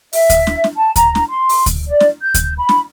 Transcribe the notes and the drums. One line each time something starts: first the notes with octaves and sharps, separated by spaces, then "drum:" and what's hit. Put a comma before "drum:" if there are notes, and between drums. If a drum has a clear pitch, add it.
E5, drum: open hi-hat
drum: kick D2, hi-hat
drum: snare
drum: snare
A5
A#5, drum: kick D2, hi-hat
drum: snare
C6
drum: open hi-hat
drum: kick D2, hi-hat
D5
drum: snare
G6
drum: kick D2, hi-hat
B5
drum: snare